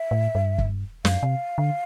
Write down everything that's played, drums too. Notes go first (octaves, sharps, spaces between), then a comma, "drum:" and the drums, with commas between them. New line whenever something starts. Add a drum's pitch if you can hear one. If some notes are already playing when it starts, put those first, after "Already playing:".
Already playing: E5
A2
G2
drum: kick
F#2 F5, drum: snare
C3
D3